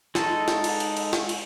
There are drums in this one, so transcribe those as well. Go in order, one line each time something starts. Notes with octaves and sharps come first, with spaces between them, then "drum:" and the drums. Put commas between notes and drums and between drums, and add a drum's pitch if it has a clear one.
G#3 D#4 A4, drum: snare
drum: snare
drum: cymbal
drum: cymbal
drum: cymbal
drum: snare
drum: cymbal